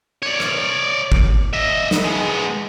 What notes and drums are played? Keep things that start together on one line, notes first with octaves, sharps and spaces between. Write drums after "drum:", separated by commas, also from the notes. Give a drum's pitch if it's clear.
C#5 D5
drum: rim click
drum: kick
D#5 E5
drum: snare
G#3 B3